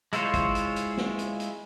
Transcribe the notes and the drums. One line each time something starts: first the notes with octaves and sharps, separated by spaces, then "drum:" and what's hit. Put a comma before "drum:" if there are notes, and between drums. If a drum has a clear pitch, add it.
G#3 E4 F4 C5 C#5, drum: hi-hat
drum: kick, hi-hat
drum: hi-hat
drum: hi-hat
drum: snare
drum: hi-hat
drum: hi-hat